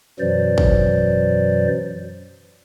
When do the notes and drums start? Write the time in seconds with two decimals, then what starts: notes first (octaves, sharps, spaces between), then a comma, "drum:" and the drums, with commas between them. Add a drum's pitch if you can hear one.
0.19 F#2 B2 E3 F#3 C5 D5
0.58 drum: kick